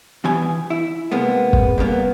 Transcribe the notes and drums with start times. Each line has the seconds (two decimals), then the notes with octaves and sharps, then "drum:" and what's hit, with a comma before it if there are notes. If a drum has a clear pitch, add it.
0.24 B2 E3 B3 G4 G#5
0.70 E4
1.11 C3 G#3 A#3 B3
1.53 drum: kick
1.78 G2 C#3 A#3 B3